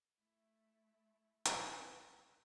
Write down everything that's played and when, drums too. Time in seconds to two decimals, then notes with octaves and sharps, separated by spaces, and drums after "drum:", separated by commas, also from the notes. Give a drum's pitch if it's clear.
0.18 A3 E4
1.45 drum: hi-hat